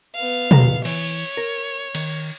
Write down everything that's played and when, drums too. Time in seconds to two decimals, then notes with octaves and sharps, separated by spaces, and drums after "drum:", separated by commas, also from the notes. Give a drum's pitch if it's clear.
0.15 B3 F5
0.51 E2 A5 A#5, drum: tom
0.85 E3 C#5, drum: cymbal
1.37 A#4
1.95 D#3, drum: cymbal